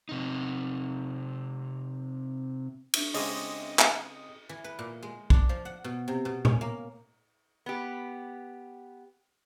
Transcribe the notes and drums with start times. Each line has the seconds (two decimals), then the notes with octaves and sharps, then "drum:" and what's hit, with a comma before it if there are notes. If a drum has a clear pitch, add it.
0.09 C3 D#4
2.94 D4 E5 C#6, drum: cymbal
3.14 C#3 G#3 C4 G4 G#4 D#5, drum: open hi-hat
3.79 drum: clap
4.49 E3
4.64 B4
4.79 A#2
5.03 G#3
5.30 D4, drum: kick B1
5.49 F3
5.65 F#5
5.84 B2
6.08 C3
6.25 B2
6.45 C#4, drum: tom A#2
6.61 A#3
7.66 B3 G4